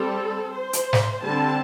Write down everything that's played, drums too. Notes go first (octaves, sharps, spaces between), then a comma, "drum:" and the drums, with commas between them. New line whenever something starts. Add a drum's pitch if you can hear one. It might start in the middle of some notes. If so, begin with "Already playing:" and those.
Already playing: G3 C4 A4
C5
drum: hi-hat
drum: snare
D3 G3 C4 A5